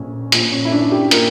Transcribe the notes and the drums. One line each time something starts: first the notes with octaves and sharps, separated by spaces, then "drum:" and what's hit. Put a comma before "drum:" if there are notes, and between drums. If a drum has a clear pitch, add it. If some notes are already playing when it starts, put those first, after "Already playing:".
Already playing: A#1 A#2 C#4
A#1 A#2, drum: hi-hat
C#4
E4
D4
G4
A#2 A#4, drum: hi-hat